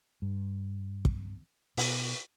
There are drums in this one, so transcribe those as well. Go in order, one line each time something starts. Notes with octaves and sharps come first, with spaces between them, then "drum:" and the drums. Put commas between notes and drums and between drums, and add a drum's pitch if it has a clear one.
G2
drum: kick
B2, drum: open hi-hat